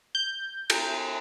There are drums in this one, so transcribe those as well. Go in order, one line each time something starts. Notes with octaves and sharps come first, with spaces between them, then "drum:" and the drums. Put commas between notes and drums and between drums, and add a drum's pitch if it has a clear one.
G6
drum: cymbal